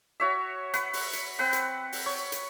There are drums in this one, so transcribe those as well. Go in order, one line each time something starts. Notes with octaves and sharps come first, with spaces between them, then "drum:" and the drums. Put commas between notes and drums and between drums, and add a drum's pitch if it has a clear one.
F#4 C#5 E5
B4 F#5, drum: hi-hat
drum: open hi-hat
drum: hi-hat
C4 B4 F#5
drum: hi-hat
drum: open hi-hat
C#5
drum: hi-hat